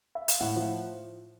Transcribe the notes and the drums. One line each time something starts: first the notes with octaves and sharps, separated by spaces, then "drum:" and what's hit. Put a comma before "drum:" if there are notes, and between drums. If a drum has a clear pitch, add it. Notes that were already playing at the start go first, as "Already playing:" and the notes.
E5
F5, drum: hi-hat
A2 F#5
F3